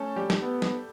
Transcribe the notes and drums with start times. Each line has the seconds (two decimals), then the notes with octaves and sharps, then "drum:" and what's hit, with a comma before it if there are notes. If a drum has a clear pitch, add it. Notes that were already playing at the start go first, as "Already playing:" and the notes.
Already playing: A3 C#4 A4
0.16 G3 G4
0.30 drum: snare
0.42 B3
0.62 drum: snare